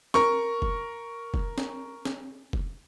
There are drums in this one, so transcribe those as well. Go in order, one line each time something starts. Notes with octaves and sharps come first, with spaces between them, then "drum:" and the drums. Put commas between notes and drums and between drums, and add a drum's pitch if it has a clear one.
A#4 C#6, drum: snare
drum: kick
drum: kick
drum: snare
drum: snare
drum: kick